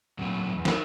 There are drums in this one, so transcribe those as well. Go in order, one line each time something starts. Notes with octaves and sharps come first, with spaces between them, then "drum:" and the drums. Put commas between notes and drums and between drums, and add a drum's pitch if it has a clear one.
A#2 F#3 A3 C4
E2
D#4 A#4 C5, drum: snare